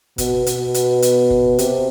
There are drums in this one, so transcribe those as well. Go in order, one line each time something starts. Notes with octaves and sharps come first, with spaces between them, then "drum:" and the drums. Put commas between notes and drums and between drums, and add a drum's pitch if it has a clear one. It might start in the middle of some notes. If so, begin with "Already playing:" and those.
B2, drum: kick, hi-hat
B2, drum: hi-hat
drum: hi-hat
drum: hi-hat
drum: kick
C3, drum: hi-hat